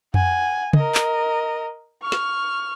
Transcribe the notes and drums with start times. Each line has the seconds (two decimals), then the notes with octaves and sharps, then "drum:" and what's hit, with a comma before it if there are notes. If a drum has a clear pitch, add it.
0.14 F#5 G#5, drum: tom F2
0.73 A#4 D#5, drum: tom
0.95 drum: clap
2.02 C#6 F6
2.12 drum: snare